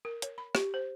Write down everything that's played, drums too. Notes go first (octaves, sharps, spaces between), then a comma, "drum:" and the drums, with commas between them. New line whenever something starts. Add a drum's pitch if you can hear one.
A#4
C#5, drum: hi-hat
B5
G4, drum: rim click
C5